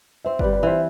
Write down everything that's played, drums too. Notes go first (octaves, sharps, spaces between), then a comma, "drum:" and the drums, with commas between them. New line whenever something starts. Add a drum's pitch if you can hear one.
C4 C5 E5
B4 D5, drum: kick
G3
B4 D5
E3 C5 E5